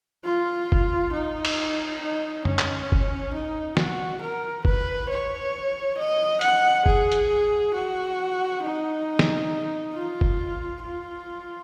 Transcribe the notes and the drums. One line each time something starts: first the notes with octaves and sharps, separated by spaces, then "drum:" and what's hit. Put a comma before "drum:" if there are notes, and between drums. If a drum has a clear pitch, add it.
F4
drum: kick
D#4
drum: cymbal
D#4
C#4, drum: tom F#2
drum: clap
drum: kick
D#4
F#4, drum: snare
A#4
B4, drum: kick
C#5
D#5
F#5, drum: hi-hat
G#4, drum: kick
drum: hi-hat
F#4
D#4
drum: snare
F4
drum: kick
F4